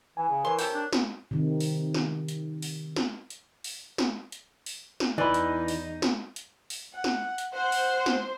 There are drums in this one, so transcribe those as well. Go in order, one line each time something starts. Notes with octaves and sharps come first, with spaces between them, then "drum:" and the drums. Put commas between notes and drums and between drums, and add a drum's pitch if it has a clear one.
E3 G#5
C#3
E3 A#4 C#5 C6
C3 A4 G5, drum: open hi-hat
D4
drum: snare
C3 D#3
drum: open hi-hat
drum: snare
drum: hi-hat
drum: open hi-hat
drum: snare
drum: hi-hat
drum: open hi-hat
drum: snare
drum: hi-hat
drum: open hi-hat
drum: snare
E2 E3 D#4 D5 B5
drum: hi-hat
drum: open hi-hat
drum: snare
drum: hi-hat
drum: open hi-hat
F#5
drum: snare
drum: hi-hat
C5 F#5
drum: open hi-hat
drum: snare